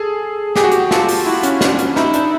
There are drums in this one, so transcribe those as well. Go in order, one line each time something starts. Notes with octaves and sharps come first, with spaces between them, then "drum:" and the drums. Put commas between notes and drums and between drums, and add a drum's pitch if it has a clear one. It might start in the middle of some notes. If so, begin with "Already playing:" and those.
Already playing: G#4 A4
G4 G#4, drum: snare
F#4
G4, drum: hi-hat
F4 A4, drum: snare
drum: open hi-hat
E4 F#4
C#4, drum: hi-hat
D4, drum: snare
C#4, drum: hi-hat
D#4 E4, drum: snare
D4, drum: hi-hat